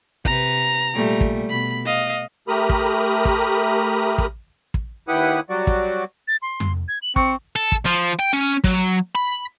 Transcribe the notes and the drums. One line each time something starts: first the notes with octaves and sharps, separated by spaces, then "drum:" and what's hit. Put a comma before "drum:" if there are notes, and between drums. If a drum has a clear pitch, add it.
C3 B4 A#5, drum: kick
A#2 G3 A3
drum: kick
B2 B5
D#5 F5
A3 G4 A#4 A#5 B5 D#6
drum: kick
drum: kick
drum: kick
drum: kick
D#2 E4 G4 B4 F#5 D#6
F#3 G3 F#4 D5
drum: kick
A6
C6
drum: tom F2
G#6
F#7
C4 C#6 C#7, drum: kick
A4
drum: kick
F3
G5
C#4
F#3, drum: kick
B5